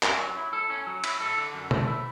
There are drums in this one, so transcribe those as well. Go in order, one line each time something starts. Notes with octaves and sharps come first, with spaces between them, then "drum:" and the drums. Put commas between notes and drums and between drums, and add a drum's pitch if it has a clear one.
C#4, drum: clap
F#3
E4
A4
C#4
F#3
E4, drum: cymbal
A4
D3
F#2
A3, drum: tom B2
E4